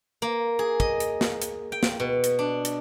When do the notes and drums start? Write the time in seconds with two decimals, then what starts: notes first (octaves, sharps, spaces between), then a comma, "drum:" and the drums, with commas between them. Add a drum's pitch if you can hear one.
0.22 A#3
0.59 G#4
0.80 D#5, drum: kick
1.00 drum: hi-hat
1.21 drum: snare
1.42 drum: hi-hat
1.72 G5
1.83 drum: snare
2.00 B2
2.24 drum: hi-hat
2.39 D4
2.65 drum: hi-hat